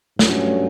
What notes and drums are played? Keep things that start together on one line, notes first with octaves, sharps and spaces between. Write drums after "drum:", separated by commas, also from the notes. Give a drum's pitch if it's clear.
G2 F#3 A3 C#4, drum: snare